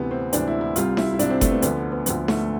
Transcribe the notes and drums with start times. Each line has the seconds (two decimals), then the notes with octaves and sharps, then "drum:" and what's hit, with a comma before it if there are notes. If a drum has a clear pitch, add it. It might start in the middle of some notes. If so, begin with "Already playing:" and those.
Already playing: D2 C3 E3 B3
0.11 C4
0.33 D2 C3 E3 D4, drum: hi-hat
0.47 E4
0.61 E4
0.76 C2 C3 G3 F4, drum: hi-hat
0.97 E4, drum: snare D#4
1.14 E4
1.19 C2 C3 G3 D4, drum: hi-hat
1.30 C4
1.41 A3, drum: kick F#1, hi-hat
1.52 B3
1.62 D2 D3 F3 B3, drum: hi-hat
1.92 B3
2.06 D2 D3 F3 B3, drum: hi-hat
2.28 A3, drum: snare D#4